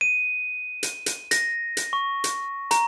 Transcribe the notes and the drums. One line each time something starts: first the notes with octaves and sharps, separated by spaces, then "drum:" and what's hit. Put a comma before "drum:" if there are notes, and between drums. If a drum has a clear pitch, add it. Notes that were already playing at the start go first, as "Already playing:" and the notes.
D#7
drum: hi-hat
drum: hi-hat
A#6, drum: hi-hat
drum: hi-hat
C#6
drum: hi-hat
A#5, drum: hi-hat